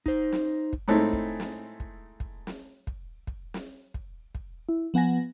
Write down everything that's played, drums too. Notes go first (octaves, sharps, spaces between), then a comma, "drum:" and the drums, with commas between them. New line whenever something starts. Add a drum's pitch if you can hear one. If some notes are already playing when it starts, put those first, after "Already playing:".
D#4 C5, drum: kick
drum: snare
drum: kick
A2 G#3 A3 C4 D#4
drum: kick
drum: snare
drum: kick
drum: kick
drum: snare
drum: kick
drum: kick
drum: snare
drum: kick
drum: kick
E4
F3 B3 F#5 G#5 A#6